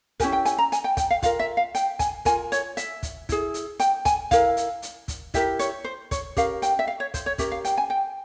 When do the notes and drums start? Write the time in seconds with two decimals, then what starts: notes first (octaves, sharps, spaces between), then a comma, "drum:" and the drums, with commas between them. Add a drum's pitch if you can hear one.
0.20 C#4 E4 G4 A#4 G#5, drum: kick, hi-hat
0.32 G5
0.45 G#5, drum: hi-hat
0.58 A#5
0.72 G#5, drum: hi-hat
0.84 G5
0.97 G5, drum: kick, hi-hat
1.10 F5
1.22 F4 A#4 F5, drum: kick, hi-hat
1.39 E5
1.57 F5
1.75 G5, drum: hi-hat
1.99 G#5, drum: kick, hi-hat
2.25 F4 A#4 G#5, drum: kick, hi-hat
2.52 C#5, drum: hi-hat
2.77 E5, drum: hi-hat
3.03 drum: kick, hi-hat
3.29 E4 G#4, drum: kick, hi-hat
3.54 drum: hi-hat
3.80 G5, drum: hi-hat
4.05 G#5, drum: kick, hi-hat
4.31 E4 A#4 F5, drum: kick, hi-hat
4.57 drum: hi-hat
4.82 drum: hi-hat
5.08 drum: kick, hi-hat
5.34 E4 G4 A#4 E5, drum: kick, hi-hat
5.59 C#5, drum: hi-hat
5.84 C5
6.11 C#5, drum: kick, hi-hat
6.37 C#4 G4 A#4 F5, drum: kick, hi-hat
6.62 G5, drum: hi-hat
6.79 E5
6.87 F5
7.00 C#5
7.14 C5, drum: kick, hi-hat
7.26 C#5
7.38 C#4 G4 A#4 E5, drum: kick, hi-hat
7.52 F5
7.65 G5, drum: hi-hat
7.77 G#5
7.90 G5